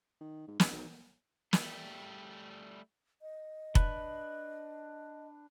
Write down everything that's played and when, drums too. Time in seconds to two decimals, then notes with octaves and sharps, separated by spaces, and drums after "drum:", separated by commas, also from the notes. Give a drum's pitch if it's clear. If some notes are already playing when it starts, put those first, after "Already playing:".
0.21 D#3
0.48 G#2
0.60 D1, drum: snare
0.71 B1
1.53 G3 A3, drum: snare
3.22 D#5
3.75 D4 B4, drum: kick F1